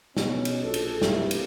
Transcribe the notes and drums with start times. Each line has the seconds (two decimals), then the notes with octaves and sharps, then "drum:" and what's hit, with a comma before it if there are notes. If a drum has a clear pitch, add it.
0.17 B2 C#4 D#4, drum: snare
0.45 drum: cymbal
0.64 A#1 A4
0.74 drum: cymbal
1.02 G2 C3 G3 A3 A#3 E4, drum: snare
1.31 drum: cymbal